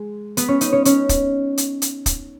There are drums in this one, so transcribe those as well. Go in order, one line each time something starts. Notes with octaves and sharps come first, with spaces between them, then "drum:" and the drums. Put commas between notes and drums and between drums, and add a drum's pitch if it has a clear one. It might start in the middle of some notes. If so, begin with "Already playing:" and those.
Already playing: G#3
B3 B4, drum: hi-hat
C#4 C#5
D#4 D#5, drum: hi-hat
C#4 C#5
C#4 C#5, drum: hi-hat
drum: kick, hi-hat
drum: hi-hat
drum: hi-hat
drum: kick, hi-hat